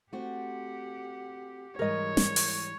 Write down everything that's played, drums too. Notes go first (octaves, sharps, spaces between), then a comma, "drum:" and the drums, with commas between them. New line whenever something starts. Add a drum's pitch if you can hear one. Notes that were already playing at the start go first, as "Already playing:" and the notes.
A3 C4 F#4 G4 F#5
G#2 E3 G3 G#3 A#4 C#5 D#5
drum: snare
drum: open hi-hat